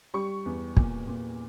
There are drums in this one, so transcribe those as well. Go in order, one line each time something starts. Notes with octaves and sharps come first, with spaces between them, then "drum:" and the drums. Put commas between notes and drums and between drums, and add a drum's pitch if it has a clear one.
G3 C#6
E2
A#2, drum: kick
A#2